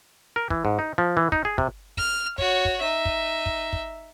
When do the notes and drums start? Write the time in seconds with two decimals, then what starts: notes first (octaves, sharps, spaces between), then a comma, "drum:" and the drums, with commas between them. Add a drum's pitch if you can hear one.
0.36 A#4
0.50 E3, drum: kick
0.65 G#2
0.79 D#4
0.98 F3
1.17 E3
1.32 D#4, drum: kick
1.45 G#4
1.58 C3, drum: kick
1.97 F6, drum: kick
2.38 F#4 C#5, drum: kick
2.65 drum: kick
2.81 D#4 E5
3.05 drum: kick
3.46 drum: kick
3.73 drum: kick